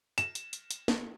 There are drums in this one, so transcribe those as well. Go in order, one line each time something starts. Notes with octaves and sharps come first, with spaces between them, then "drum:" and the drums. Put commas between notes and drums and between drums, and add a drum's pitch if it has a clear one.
E7, drum: hi-hat
drum: hi-hat
drum: hi-hat
drum: hi-hat
drum: snare